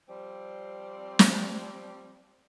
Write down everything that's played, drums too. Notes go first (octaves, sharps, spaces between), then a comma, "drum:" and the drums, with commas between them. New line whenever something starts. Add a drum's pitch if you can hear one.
F3 G3 C4
drum: snare